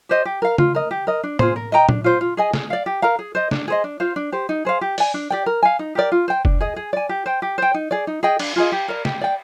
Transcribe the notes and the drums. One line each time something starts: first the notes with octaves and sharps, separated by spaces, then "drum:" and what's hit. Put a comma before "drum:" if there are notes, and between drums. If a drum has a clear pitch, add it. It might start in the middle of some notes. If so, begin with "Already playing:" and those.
G4 C5 D#5
G4
A#4 F5
F4, drum: tom C#3
A#4 D#5
G4
A#4 D#5
D4
F4 G#4 C5, drum: tom A2
A#4
D#5 G5 A#5
D4, drum: tom A#2
F4 C5
F4
G#4 D#5 G#5
G#4, drum: snare
D5 F5
G4
A#4 F5 A#5
G#4
C5 D#5
D4, drum: snare
G#4 C5 D#5
D4
F4 C5 F5
D4
G4 C5
D#4
G#4 C5 F5
G4
D5 G#5, drum: open hi-hat
D4
G4 D5 G5
A#4
F5 G#5
D#4
G4 A#4 D5
F4
C5 G5
D4, drum: kick
G#4 D#5
G#4
D5 G#5
G4
C5 G5
G4
C5 G5
D#4
G#4 D5
D#4
G#4 D#5 G5
D4, drum: cymbal
F4 G#4 D#5
G4
A#4 D5
G4, drum: snare
D5 G5